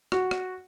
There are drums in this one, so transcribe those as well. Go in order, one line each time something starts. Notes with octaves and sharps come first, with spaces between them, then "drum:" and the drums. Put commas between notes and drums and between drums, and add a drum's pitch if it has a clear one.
F#4, drum: rim click
drum: rim click